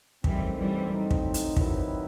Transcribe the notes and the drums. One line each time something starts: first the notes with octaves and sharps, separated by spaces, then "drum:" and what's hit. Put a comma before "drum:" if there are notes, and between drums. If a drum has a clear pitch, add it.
F#2 D#3 E3 G3 A3 C4, drum: kick
E3 G3
A2 F#3 C4 D#4
drum: kick
drum: hi-hat
D#3 F#3 C4 E4 B4, drum: kick